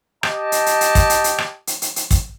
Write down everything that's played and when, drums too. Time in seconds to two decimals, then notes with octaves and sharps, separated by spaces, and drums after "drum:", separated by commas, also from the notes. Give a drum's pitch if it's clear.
0.23 G4 D#5 A5, drum: rim click
0.52 drum: hi-hat
0.66 drum: hi-hat
0.81 drum: hi-hat
0.95 drum: kick, hi-hat
1.10 drum: hi-hat
1.24 drum: hi-hat
1.38 drum: rim click
1.67 drum: hi-hat
1.82 drum: hi-hat
1.96 drum: hi-hat
2.11 drum: kick, hi-hat